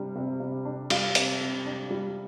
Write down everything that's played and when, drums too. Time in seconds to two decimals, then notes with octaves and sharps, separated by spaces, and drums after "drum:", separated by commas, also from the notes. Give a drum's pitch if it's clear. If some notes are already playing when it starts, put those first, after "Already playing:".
Already playing: C3 G3 D4
0.16 C3
0.40 C3
0.65 D4
0.90 G3 F5, drum: cymbal
1.15 C3, drum: hi-hat
1.41 C3
1.66 D4
1.91 G3